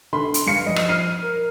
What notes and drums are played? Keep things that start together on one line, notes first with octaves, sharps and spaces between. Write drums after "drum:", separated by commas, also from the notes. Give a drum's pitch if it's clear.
D3 B5 C6
drum: hi-hat
G2 F5 C#7
F3 D#5
drum: rim click
F6 C7 D#7
A#4